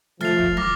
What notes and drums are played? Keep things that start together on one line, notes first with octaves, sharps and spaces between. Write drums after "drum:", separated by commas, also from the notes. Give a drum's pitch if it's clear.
F3 A3 F6 A6 C7 F7, drum: snare
drum: kick
D6 F6 A#6, drum: tom